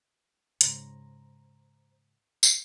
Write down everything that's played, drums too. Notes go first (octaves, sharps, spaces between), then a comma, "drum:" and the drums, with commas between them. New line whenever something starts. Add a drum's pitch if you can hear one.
G#2 C#3 C5 A#5, drum: hi-hat
drum: tambourine